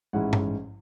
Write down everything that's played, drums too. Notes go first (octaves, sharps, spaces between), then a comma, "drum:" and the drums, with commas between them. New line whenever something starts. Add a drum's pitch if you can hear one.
A1 G#2 G#3 C#4 E4 F#5
drum: tom G2